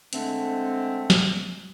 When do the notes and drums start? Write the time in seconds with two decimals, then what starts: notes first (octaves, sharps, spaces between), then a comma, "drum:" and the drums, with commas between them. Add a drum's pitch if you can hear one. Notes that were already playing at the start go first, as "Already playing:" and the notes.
0.13 D3 G#3 A3 C4, drum: hi-hat
1.10 drum: snare